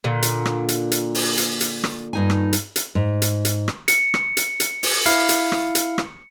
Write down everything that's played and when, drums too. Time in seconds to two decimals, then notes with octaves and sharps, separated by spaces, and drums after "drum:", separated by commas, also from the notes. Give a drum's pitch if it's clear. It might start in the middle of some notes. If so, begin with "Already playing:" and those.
0.04 A#2 D3
0.22 drum: hi-hat
0.45 drum: rim click
0.68 drum: hi-hat
0.92 drum: hi-hat
1.15 drum: open hi-hat
1.38 drum: hi-hat
1.61 drum: hi-hat
1.84 drum: rim click
2.13 G2 D#4 G#5
2.30 drum: rim click
2.53 drum: hi-hat
2.76 drum: hi-hat
2.95 G#2
3.22 drum: hi-hat
3.45 drum: hi-hat
3.68 drum: rim click
3.88 C#7, drum: hi-hat
4.14 drum: rim click
4.37 drum: hi-hat
4.60 drum: hi-hat
4.83 drum: open hi-hat
5.06 E4 F5, drum: hi-hat
5.29 drum: hi-hat
5.52 drum: rim click
5.75 drum: hi-hat
5.98 drum: rim click